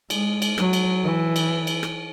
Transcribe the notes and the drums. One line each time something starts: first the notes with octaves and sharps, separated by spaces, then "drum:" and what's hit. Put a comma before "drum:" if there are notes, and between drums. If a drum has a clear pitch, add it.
G#3, drum: cymbal
drum: cymbal
F#3, drum: rim click
drum: cymbal
E3
drum: cymbal
drum: cymbal
drum: rim click